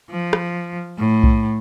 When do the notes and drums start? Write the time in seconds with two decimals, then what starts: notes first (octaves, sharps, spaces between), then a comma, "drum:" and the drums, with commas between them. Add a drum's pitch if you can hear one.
0.10 F3
0.33 drum: rim click
0.98 A2
1.23 drum: kick B1